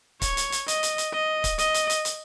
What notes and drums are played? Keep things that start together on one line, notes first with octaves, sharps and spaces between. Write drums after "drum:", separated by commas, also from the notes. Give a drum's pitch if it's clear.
C#5, drum: kick, hi-hat
drum: hi-hat
drum: hi-hat
D#5, drum: hi-hat
drum: hi-hat
drum: hi-hat
D#5
drum: kick, hi-hat
D#5, drum: hi-hat
drum: hi-hat
drum: hi-hat
drum: hi-hat